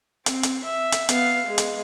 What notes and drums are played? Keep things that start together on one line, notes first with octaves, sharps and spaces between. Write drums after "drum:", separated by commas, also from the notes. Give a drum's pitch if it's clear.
C4, drum: hi-hat
drum: hi-hat
E5
drum: hi-hat
B3 F5, drum: hi-hat
G#3
drum: hi-hat